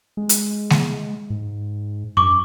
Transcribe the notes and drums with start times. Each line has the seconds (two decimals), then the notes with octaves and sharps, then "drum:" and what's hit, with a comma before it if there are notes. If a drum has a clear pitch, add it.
0.17 G#3
0.29 drum: hi-hat
0.70 drum: snare G#3
1.30 G#2
2.17 F#2 C#6 D6